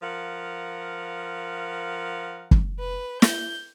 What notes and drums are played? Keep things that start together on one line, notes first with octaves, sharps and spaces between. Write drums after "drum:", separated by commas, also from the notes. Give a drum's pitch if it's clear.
F3 A#4 F5 F#5
drum: kick
B4
G6, drum: snare